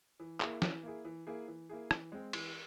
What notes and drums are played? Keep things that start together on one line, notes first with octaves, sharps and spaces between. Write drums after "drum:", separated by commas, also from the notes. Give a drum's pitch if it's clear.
E3
A#3 E4 G#4, drum: clap
E3, drum: snare
A#3 E4 G#4
E3
A#3 E4 G#4
E3
A#3 E4 G#4
E3, drum: rim click
G#3 C4
E3, drum: cymbal